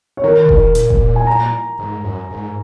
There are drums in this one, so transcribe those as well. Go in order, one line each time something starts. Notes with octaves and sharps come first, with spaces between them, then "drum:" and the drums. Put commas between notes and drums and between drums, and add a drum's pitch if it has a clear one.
C#5
D#3 A#4
C#3
D#3, drum: kick E1
A#2, drum: hi-hat
drum: kick E1
G#5
A#5
G#2
F#2
G#2